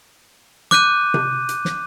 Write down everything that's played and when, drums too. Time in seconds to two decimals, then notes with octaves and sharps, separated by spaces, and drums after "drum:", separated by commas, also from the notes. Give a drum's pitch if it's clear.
0.71 D6 F#6 G6 D#7, drum: snare
1.14 drum: tom C3
1.49 drum: hi-hat
1.65 drum: snare